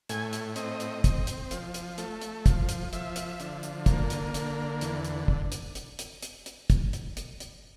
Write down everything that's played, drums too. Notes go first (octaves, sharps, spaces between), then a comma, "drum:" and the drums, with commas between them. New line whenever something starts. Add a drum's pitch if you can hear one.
A2 G#5, drum: hi-hat
drum: hi-hat
C4 D#5, drum: hi-hat
drum: hi-hat
C4, drum: kick, hi-hat
drum: hi-hat
F3, drum: hi-hat
drum: hi-hat
A3, drum: hi-hat
drum: hi-hat
F3, drum: kick, hi-hat
drum: hi-hat
F3 E5, drum: hi-hat
drum: hi-hat
D3, drum: hi-hat
drum: hi-hat
A#3, drum: kick, hi-hat
drum: hi-hat
D3, drum: hi-hat
E2, drum: hi-hat
drum: hi-hat
drum: kick
drum: hi-hat
drum: hi-hat
drum: hi-hat
drum: hi-hat
drum: hi-hat
drum: kick, hi-hat
drum: hi-hat
drum: hi-hat
drum: hi-hat